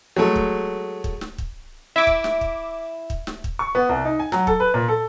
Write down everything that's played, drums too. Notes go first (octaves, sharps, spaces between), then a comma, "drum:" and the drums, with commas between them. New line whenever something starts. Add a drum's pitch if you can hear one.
F#3 G#3 A3
drum: kick
drum: kick
drum: snare
drum: kick
E4 E5 D6
drum: kick
drum: snare
drum: kick
drum: kick
drum: snare
drum: kick
C#6
B3
C2
D#4
G#5
F#3, drum: snare
A4, drum: kick
B4
A#2
A4